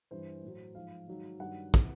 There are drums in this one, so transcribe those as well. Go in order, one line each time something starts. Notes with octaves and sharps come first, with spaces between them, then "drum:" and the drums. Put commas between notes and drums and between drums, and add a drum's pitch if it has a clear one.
G2 E3 C5
A2 F#3
G#2 F3 F5
G#2 D#3 F#3
G2 D#3 F#3 F#5
C3 E3, drum: kick